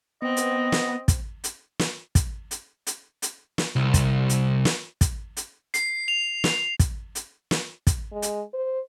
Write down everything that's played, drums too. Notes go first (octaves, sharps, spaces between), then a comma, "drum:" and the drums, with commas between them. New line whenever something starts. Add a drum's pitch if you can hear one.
B3 C4 D#5
drum: hi-hat
drum: snare
drum: kick, hi-hat
drum: hi-hat
drum: snare
drum: kick, hi-hat
drum: hi-hat
drum: hi-hat
drum: hi-hat
drum: snare
C2
drum: kick, hi-hat
drum: hi-hat
drum: snare
drum: kick, hi-hat
drum: hi-hat
C7, drum: hi-hat
F7
drum: snare
drum: kick, hi-hat
drum: hi-hat
drum: snare
drum: kick, hi-hat
G#3
drum: hi-hat
C5